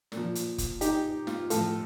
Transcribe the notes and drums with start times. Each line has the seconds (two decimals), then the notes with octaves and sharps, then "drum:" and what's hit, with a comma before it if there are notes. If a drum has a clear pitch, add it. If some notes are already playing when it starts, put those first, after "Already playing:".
0.12 A#2, drum: snare
0.17 F3
0.35 drum: hi-hat
0.58 drum: kick, hi-hat
0.81 D#4 G4, drum: hi-hat
1.27 F4, drum: snare
1.50 A2 F3 F4 A4, drum: hi-hat